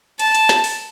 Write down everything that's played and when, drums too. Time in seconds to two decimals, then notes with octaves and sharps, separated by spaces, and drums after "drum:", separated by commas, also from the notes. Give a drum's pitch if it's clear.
0.19 A5, drum: hi-hat
0.35 drum: hi-hat
0.49 drum: snare
0.64 drum: open hi-hat